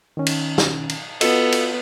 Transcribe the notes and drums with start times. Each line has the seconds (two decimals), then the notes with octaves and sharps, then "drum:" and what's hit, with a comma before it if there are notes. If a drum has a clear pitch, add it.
0.17 D#3 C#4
0.26 drum: cymbal
0.58 drum: snare
0.89 drum: cymbal
1.21 B3 F4 F#4 A4 D#5, drum: cymbal
1.52 drum: cymbal